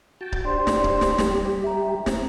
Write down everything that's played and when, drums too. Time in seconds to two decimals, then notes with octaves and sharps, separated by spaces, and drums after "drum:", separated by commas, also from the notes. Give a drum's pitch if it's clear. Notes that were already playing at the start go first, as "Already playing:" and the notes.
0.21 F#4 G5 A5
0.32 drum: kick C#1
0.45 D4 G4 C5 D5 C6
0.67 drum: snare
0.84 drum: kick C#1
1.01 drum: snare
1.18 G3 G4, drum: snare
1.64 E5 A#5
2.06 C4, drum: snare